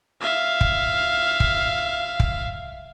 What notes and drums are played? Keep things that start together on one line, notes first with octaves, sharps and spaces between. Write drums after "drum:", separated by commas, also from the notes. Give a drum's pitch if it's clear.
E5 F5
drum: kick
drum: kick
drum: kick